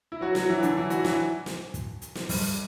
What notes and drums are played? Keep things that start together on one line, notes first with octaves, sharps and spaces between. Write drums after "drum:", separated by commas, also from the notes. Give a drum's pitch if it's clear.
E4
F#3 F#4
F#3 F#4, drum: snare
E3 E4
D3 D4, drum: hi-hat
E3 E4
F#3 F#4, drum: hi-hat
E3 E4, drum: snare
drum: snare
drum: kick, hi-hat
drum: hi-hat
drum: snare
G2 G3, drum: kick, open hi-hat